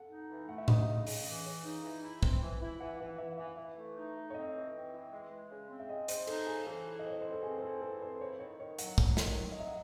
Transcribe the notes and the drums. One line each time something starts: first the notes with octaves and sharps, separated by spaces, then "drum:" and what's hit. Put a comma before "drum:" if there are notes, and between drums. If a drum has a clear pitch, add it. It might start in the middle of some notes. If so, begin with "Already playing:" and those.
Already playing: A4 F#5
D#4
E3
A3 F#5
E5
D#4 D#5, drum: tom A2
E5
C#3
C#3, drum: open hi-hat
E3
C#3
D#4
E3
E4
C4, drum: kick
E3
E4
E3 F#5
E3 F#5
E3 E5
E3 E5
E3 E5
A3
D#4
A3
C#5
C4 D#5
E3
C4
E3
G#3
G#3
C#3
C4
E5
G#3 D#5
G#3 C5, drum: hi-hat
D#4 A4, drum: cymbal
C#3 G#4
C5
E3 A4
E4
D#5
C4
C#5
E3 C5
A4
C4 G#4
C5
E4 A4
E3 A4
C4 C5
E4 C#5
D#3 C#5
D#3 C#5
F#3 F#5, drum: hi-hat
F#3, drum: kick
D#3, drum: snare
F#3
D#5
F#3 E5
F#5